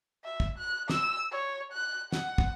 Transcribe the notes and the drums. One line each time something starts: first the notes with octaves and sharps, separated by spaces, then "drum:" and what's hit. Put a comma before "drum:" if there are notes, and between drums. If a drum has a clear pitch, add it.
E5
drum: kick
F#6
E6, drum: snare
C#5
F#6
F#5, drum: snare
drum: kick